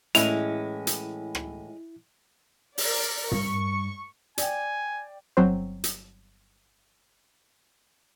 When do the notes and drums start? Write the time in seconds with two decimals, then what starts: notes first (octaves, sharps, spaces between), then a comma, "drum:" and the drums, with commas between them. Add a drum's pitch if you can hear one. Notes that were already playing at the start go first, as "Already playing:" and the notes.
0.15 A2 E3 G#3 C#4 E4 F7, drum: hi-hat
0.87 drum: hi-hat
1.35 drum: rim click
2.78 A#4 D5, drum: open hi-hat
3.31 G2 C#6, drum: tom
4.38 D5 G5 G#5, drum: hi-hat
5.37 G1 F#3 C4 F#4 C5
5.84 drum: hi-hat